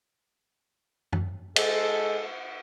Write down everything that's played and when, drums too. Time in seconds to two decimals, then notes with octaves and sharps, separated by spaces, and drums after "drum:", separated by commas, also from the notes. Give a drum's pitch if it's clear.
1.13 drum: tom F#2
1.56 G#3 A4, drum: cymbal